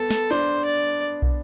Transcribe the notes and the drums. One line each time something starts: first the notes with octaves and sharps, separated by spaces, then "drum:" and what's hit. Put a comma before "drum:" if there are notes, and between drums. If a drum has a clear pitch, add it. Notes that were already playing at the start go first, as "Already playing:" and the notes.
Already playing: B3 A4
drum: snare
D4 C5, drum: open hi-hat
D5
drum: kick